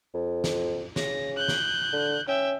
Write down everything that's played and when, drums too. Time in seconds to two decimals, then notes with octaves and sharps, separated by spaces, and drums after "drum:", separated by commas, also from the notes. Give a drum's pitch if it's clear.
0.14 F2
0.44 drum: snare
0.96 C#3 A#6, drum: snare
1.37 F#6 G6
1.48 drum: snare
1.93 D3
2.28 C#4 E5 G5